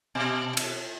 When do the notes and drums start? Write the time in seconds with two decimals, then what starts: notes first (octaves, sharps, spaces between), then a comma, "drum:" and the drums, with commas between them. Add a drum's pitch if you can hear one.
0.15 B2
0.57 drum: cymbal